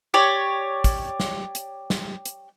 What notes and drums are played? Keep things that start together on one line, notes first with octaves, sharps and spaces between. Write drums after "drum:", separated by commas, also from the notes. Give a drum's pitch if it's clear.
G4 C#5 D5
drum: kick, hi-hat
drum: snare
drum: hi-hat
drum: snare
drum: hi-hat